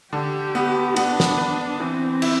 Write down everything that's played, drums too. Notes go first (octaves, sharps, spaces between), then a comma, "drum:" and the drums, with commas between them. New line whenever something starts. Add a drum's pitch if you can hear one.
D3 G4
B3
B3 D4, drum: cymbal
drum: snare
B4
E3 C4
E4, drum: cymbal